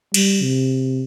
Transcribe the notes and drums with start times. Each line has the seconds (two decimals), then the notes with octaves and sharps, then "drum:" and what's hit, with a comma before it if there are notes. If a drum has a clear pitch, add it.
0.14 G3, drum: cymbal
0.43 C3